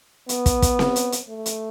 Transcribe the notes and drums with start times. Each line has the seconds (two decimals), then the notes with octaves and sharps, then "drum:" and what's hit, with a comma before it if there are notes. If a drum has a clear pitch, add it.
0.29 B3, drum: hi-hat
0.46 drum: kick, hi-hat
0.62 drum: kick, hi-hat
0.79 drum: snare C4
0.96 drum: hi-hat
1.12 drum: hi-hat
1.29 A3
1.46 drum: hi-hat